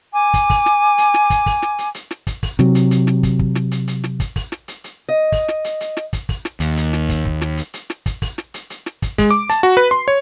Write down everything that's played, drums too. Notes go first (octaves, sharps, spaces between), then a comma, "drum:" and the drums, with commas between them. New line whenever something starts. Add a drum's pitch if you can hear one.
G#5 D6
drum: kick, hi-hat
drum: kick, open hi-hat
drum: snare
drum: hi-hat
drum: snare
drum: kick, hi-hat
drum: kick, open hi-hat
drum: snare
drum: hi-hat
drum: hi-hat
drum: snare
drum: kick, hi-hat
drum: kick, open hi-hat
C3 F#3, drum: snare
drum: hi-hat
drum: hi-hat
drum: snare
drum: kick, hi-hat
drum: kick
drum: snare
drum: hi-hat
drum: hi-hat
drum: snare
drum: kick, hi-hat
drum: kick, open hi-hat
drum: snare
drum: hi-hat
drum: hi-hat
D#5
drum: kick, open hi-hat
drum: snare
drum: hi-hat
drum: hi-hat
drum: snare
drum: kick, hi-hat
drum: kick, open hi-hat
drum: snare
D#2, drum: hi-hat
drum: hi-hat
drum: snare
drum: kick, hi-hat
drum: kick
drum: snare
drum: hi-hat
drum: hi-hat
drum: snare
drum: kick, hi-hat
drum: kick, open hi-hat
drum: snare
drum: hi-hat
drum: hi-hat
drum: snare
drum: kick, hi-hat
G#3, drum: kick, open hi-hat
D6
A5, drum: hi-hat
F#4
B4
C6
C#5